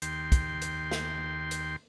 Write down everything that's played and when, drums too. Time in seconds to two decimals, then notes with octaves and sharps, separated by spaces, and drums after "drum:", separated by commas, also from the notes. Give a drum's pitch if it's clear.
0.02 D#2 G5 C6, drum: hi-hat
0.32 drum: kick, hi-hat
0.62 drum: hi-hat
0.91 drum: snare
1.51 drum: hi-hat